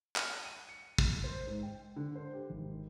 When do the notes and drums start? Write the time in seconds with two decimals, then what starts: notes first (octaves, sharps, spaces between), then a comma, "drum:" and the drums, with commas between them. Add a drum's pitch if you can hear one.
0.16 F#6, drum: clap
0.45 D#7
0.69 C#7
0.98 drum: kick
1.24 C5
1.47 G#2
1.63 G5
1.96 D3
2.15 C5
2.33 G4
2.50 G#1